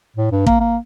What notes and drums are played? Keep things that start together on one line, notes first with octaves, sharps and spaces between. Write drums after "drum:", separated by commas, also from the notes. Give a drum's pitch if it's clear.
A2
G2
A#3, drum: kick
A#3